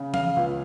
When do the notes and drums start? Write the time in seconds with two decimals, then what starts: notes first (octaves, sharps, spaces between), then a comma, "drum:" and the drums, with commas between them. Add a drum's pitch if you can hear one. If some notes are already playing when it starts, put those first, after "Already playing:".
Already playing: C#3
0.14 F5, drum: tom
0.36 C#2